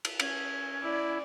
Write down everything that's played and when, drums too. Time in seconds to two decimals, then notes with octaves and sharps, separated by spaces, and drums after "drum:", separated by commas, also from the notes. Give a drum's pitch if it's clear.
0.05 drum: cymbal
0.20 C#4, drum: cymbal
0.83 E4 D5